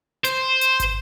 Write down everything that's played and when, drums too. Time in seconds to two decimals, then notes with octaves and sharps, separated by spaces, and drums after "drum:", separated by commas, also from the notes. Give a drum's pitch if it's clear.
0.24 C5, drum: hi-hat
0.61 drum: hi-hat
0.80 drum: kick, hi-hat